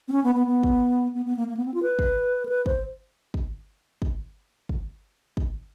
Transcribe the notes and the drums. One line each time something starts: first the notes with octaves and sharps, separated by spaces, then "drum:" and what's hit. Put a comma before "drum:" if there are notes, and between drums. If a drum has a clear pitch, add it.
C4
C#4
B3
B3
B3
drum: kick
B3
B3
A#3
A#3
B3
C4
F4
B4
drum: kick
A#4
B4
C5, drum: kick
drum: kick
drum: kick
drum: kick
drum: kick